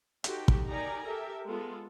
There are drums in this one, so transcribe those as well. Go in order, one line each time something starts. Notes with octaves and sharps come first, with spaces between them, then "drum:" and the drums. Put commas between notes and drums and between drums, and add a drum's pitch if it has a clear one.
D#4 F#4 G4 A4 C5, drum: hi-hat
drum: kick
D#4 G4 A#4 D5 G#5 A#5
G4 A4 A#4 E5
G#3 B3 F4 A4